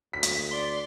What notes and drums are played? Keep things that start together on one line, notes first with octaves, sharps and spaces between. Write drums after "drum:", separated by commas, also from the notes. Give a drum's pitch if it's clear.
D2 B6
drum: hi-hat
D5 C6